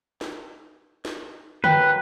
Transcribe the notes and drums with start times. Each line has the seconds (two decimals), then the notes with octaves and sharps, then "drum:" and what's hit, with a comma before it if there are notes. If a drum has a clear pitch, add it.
0.21 drum: snare
1.05 drum: snare
1.64 F#2 B4 G5, drum: tom D3